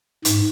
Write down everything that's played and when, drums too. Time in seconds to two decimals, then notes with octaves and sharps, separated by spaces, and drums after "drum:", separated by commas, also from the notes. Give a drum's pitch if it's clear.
0.25 G#2, drum: hi-hat